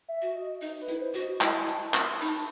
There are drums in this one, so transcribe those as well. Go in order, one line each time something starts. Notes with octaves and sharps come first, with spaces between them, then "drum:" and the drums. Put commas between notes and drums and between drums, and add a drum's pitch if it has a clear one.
E5
F#4
D#5
D#4 D#5, drum: open hi-hat
B4
E4, drum: hi-hat
C5
F#4, drum: hi-hat
D#5
E4 D#5, drum: clap
A5, drum: hi-hat
C6, drum: clap
D#4 B5, drum: open hi-hat
A5